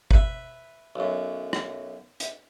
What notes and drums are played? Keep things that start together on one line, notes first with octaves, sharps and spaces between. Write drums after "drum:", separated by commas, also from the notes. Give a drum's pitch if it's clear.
B4 E5, drum: kick
B1 F#2
drum: rim click
drum: hi-hat